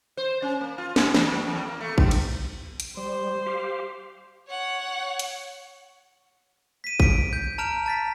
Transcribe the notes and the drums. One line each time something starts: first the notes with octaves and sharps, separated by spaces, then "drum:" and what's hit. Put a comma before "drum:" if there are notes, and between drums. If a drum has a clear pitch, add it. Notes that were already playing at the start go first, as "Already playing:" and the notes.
C5
C#4
A#3
F4
B2, drum: snare
E3, drum: snare
F#2
E2
A#3
A3
G2, drum: kick A1
drum: cymbal
drum: hi-hat
G3 C5
G4 F5
C#5 F#5
drum: hi-hat
B6 D#7
B6 D7, drum: kick A1
G6
A5 A#5 F6 D7 F7
A5 A6 B6